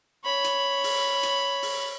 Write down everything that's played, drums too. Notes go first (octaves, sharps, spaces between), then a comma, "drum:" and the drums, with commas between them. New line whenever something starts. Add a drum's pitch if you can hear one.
C#5 B5
drum: hi-hat
drum: open hi-hat
drum: hi-hat
drum: open hi-hat